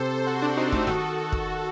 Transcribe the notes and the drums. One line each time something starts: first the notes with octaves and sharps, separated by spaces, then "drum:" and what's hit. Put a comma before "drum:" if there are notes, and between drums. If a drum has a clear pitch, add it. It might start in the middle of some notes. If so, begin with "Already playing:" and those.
Already playing: C3 A4 C5
F#4 A4
D4 F#4
C4 D#4
A3 C4, drum: kick
D#3 F#4 A4
drum: kick